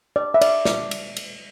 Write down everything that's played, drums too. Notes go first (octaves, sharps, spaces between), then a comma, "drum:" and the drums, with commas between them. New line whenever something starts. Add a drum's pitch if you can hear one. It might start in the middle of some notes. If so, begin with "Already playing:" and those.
D5
E5
D5, drum: cymbal
D5, drum: snare
drum: cymbal
drum: cymbal